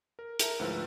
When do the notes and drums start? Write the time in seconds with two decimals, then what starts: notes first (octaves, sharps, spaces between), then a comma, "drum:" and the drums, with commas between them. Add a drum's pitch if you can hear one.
0.19 A#4
0.39 A#4 E5 A5 A#5, drum: hi-hat
0.59 D2 G#2 F3 E4 B4 E6